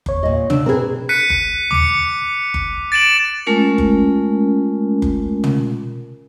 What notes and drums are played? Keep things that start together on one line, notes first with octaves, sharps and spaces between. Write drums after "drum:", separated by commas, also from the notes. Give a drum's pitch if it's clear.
E2 C#5, drum: kick F#1
A#2 D#5
D4 E6, drum: tom
C4 G#4 A#4 B4
F#6 B6 C#7 D#7
drum: kick F#1
D6 C#7, drum: tom
drum: kick F#1
A6 D7 E7 F#7
G#3 A3 C#4 F4 A#4
drum: kick F#1
drum: kick F#1
drum: tom